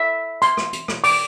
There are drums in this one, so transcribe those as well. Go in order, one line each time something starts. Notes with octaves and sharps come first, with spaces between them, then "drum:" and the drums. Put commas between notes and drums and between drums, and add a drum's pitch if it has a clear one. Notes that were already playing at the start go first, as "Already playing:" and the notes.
Already playing: E5
C6, drum: hi-hat
drum: rim click
drum: hi-hat
drum: rim click
D6, drum: open hi-hat